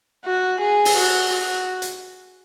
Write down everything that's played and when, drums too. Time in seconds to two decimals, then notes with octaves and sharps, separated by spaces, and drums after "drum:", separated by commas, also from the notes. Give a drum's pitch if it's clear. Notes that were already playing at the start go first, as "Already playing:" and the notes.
0.25 F#4
0.61 G#4
0.85 drum: open hi-hat
0.97 F#4
1.34 F#4
1.82 drum: hi-hat